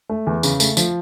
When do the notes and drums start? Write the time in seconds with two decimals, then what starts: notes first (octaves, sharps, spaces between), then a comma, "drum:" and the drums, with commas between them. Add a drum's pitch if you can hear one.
0.09 A3
0.27 E2
0.43 C#3, drum: tambourine
0.60 A3, drum: tambourine
0.77 F3, drum: tambourine